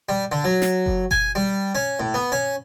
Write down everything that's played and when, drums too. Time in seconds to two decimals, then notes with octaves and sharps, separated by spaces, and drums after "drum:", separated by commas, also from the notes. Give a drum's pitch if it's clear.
0.09 G3
0.32 D3
0.44 F#3
0.62 drum: snare
0.86 drum: kick F#1
1.11 G#5, drum: kick F#1
1.35 G3
1.75 C#4
2.00 A2
2.14 B3
2.32 C#4